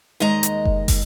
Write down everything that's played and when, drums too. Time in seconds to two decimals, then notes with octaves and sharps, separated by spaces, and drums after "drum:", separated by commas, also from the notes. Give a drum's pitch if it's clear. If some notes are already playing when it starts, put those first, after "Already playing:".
0.20 D#2 G#3 D#5 A#5
0.43 drum: hi-hat
0.65 drum: kick
0.88 drum: kick, open hi-hat